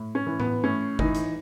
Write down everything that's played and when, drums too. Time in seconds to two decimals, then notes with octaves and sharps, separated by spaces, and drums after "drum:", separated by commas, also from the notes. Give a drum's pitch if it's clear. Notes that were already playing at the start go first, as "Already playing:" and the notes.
Already playing: A2
0.15 C#4
0.27 E3
0.40 B3, drum: tom A2
0.64 A2 C#4
0.99 E3 D#4, drum: kick G1
1.15 drum: hi-hat